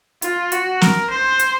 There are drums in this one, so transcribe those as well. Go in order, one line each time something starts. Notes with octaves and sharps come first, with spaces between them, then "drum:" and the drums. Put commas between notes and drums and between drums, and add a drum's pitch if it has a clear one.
F4, drum: hi-hat
F#4, drum: hi-hat
A#4, drum: snare
C5
drum: hi-hat